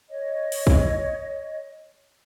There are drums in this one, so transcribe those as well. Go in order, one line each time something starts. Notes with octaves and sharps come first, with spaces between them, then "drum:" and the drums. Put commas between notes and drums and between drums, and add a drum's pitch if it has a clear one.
C#5 D#5
drum: open hi-hat
drum: kick